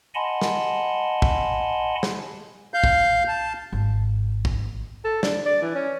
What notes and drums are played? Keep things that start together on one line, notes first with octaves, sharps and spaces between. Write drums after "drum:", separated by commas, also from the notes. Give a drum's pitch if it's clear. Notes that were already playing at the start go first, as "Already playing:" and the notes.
D#5 F#5 G#5 A5 B5 C6
drum: snare
drum: kick
drum: snare
F5 G6
drum: kick
A5
G#1
drum: kick
A4
D4, drum: snare
D5
E3
C#4